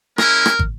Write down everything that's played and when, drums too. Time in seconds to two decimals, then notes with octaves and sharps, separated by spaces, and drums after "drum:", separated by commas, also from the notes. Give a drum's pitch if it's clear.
0.18 G#3 C#4 E4 A#4, drum: rim click
0.46 drum: rim click
0.59 drum: kick